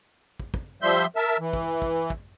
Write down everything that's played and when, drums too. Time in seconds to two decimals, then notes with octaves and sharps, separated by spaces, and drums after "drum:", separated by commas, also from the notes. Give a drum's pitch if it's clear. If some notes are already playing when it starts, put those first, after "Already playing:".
0.40 drum: kick
0.54 drum: kick
0.82 F3 G3 E5 C6 G6
1.16 A#4 E5 A5
1.39 E3
1.53 drum: kick
1.82 drum: kick
2.10 drum: kick